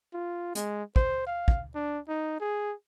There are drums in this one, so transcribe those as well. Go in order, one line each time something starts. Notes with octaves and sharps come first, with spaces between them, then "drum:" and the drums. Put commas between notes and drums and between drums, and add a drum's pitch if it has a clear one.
F4
G#3, drum: hi-hat
C5, drum: kick
F5
drum: kick
D4
D#4
G#4